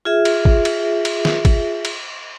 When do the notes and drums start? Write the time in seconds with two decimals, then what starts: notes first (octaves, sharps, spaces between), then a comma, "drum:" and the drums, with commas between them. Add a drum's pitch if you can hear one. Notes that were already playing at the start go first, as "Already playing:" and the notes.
0.05 F4 G#4 E5
0.25 drum: cymbal
0.45 drum: kick
0.65 drum: cymbal
1.05 drum: cymbal
1.25 drum: snare
1.45 drum: kick, cymbal
1.85 drum: cymbal